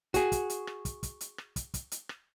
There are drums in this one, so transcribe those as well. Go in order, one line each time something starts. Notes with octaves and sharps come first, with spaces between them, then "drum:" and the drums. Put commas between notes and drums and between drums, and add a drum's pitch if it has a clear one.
F#4 G#4, drum: kick, hi-hat
drum: kick, hi-hat
drum: hi-hat
drum: rim click
drum: kick, hi-hat
drum: kick, hi-hat
drum: hi-hat
drum: rim click
drum: kick, hi-hat
drum: kick, hi-hat
drum: hi-hat
drum: rim click